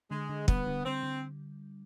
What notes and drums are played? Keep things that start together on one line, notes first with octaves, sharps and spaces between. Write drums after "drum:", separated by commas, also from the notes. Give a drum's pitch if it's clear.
D3 G#3
D3
G3 B3, drum: kick
D3
D3 C4
D3